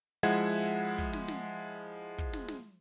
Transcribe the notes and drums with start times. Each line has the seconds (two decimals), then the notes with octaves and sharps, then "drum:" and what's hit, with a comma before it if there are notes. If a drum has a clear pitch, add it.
0.23 F3 G#3 E4 E5 F#5 G#6
0.98 drum: kick
1.13 drum: snare
1.28 drum: snare
2.18 drum: kick
2.33 drum: snare
2.48 drum: snare